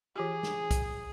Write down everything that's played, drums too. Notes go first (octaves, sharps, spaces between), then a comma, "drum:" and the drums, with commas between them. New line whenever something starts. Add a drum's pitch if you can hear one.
E3 F4 G4 G#4
drum: snare
drum: kick, hi-hat